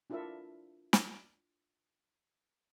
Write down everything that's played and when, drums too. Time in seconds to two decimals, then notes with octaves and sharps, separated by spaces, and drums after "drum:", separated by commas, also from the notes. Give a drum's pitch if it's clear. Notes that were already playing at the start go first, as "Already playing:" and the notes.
0.10 D4 E4 F4 A4 A#4 E5
0.93 drum: snare